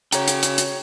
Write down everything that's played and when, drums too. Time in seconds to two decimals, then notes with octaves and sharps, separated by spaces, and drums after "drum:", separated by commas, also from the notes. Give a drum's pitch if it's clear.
0.13 C#3 F#4 C#5 G5 A#5, drum: hi-hat
0.28 drum: hi-hat
0.43 drum: hi-hat
0.58 drum: hi-hat